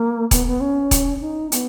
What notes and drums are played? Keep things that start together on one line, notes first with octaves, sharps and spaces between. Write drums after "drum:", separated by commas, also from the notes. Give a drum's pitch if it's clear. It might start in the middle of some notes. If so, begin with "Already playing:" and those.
Already playing: A#3
B3, drum: kick E1, hi-hat
B3
C#4
drum: kick E1, hi-hat
D#4
B3, drum: hi-hat